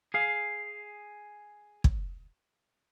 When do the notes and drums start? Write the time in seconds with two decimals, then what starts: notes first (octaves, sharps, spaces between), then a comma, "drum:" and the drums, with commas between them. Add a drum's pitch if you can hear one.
0.14 G#4 F5
1.84 drum: kick